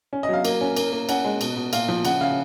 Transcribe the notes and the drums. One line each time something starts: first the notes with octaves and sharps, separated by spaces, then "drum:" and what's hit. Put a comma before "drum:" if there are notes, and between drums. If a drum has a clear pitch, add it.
C#4
D#5
F#3 F5
A#3, drum: cymbal
C#4
A#3, drum: cymbal
A#3
C#4 F#5, drum: cymbal
G#3
B2, drum: cymbal
B2
A#2 F5, drum: cymbal
F3
C#3 F#5, drum: cymbal
C#3 F5